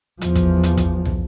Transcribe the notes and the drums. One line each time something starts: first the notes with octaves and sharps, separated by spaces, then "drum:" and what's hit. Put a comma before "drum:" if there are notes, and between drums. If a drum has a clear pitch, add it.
E2 F3, drum: hi-hat
drum: kick, hi-hat
drum: hi-hat
drum: kick, hi-hat
drum: tom